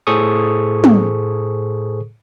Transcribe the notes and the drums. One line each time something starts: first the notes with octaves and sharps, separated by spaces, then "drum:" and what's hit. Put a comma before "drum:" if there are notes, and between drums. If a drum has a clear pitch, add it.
A2 G#4 A4 C5 C#6 D#6
drum: tom